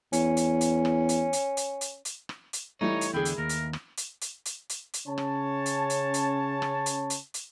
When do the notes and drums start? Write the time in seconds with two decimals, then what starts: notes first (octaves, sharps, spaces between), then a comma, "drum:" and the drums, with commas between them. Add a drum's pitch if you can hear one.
0.13 E2 C#4, drum: hi-hat
0.37 drum: hi-hat
0.61 drum: hi-hat
0.85 drum: rim click
1.09 drum: hi-hat
1.33 drum: hi-hat
1.57 drum: hi-hat
1.81 drum: hi-hat
2.05 drum: hi-hat
2.29 drum: rim click
2.53 drum: hi-hat
2.81 E3 G3 A3 D#4 C#5
3.01 drum: hi-hat
3.14 E2 D3 E4 G#4 G5
3.25 drum: hi-hat
3.38 D#2 A#4
3.49 drum: hi-hat
3.73 drum: rim click
3.97 drum: hi-hat
4.21 drum: hi-hat
4.45 drum: hi-hat
4.70 drum: hi-hat
4.94 drum: hi-hat
5.07 C#3 C#4 C#5 A5
5.18 drum: rim click
5.66 drum: hi-hat
5.90 drum: hi-hat
6.14 drum: hi-hat
6.62 drum: rim click
6.86 drum: hi-hat
7.10 drum: hi-hat
7.34 drum: hi-hat